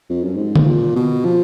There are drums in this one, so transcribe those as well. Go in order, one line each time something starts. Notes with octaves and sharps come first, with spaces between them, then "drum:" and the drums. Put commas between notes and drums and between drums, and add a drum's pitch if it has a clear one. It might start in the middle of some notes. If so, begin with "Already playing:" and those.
F2
F#2
G#2
drum: tom D3
A#2
B2
F3